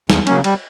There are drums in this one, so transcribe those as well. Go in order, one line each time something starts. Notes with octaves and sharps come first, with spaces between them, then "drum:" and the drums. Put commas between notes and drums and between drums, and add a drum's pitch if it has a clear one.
E2, drum: snare
C#3 F#3 A#3 C#4, drum: cymbal
G3, drum: cymbal